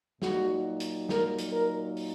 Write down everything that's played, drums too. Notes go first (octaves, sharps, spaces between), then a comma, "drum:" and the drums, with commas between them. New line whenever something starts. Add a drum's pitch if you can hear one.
A#2 F#3 D#4 F#4, drum: snare
drum: hi-hat
A#4, drum: snare
drum: hi-hat
A#4
drum: open hi-hat